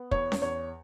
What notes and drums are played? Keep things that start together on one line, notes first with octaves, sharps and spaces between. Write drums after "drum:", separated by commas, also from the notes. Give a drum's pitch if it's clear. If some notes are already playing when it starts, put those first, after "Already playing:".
Already playing: B3
E2 C#5, drum: kick
drum: snare C#4
E2 C#5